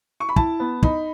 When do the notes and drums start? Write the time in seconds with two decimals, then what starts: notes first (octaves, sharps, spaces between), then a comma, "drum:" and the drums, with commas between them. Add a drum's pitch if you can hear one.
0.20 C#6
0.29 B5
0.36 E4 A5, drum: kick
0.60 B3
0.83 D#4 B5, drum: kick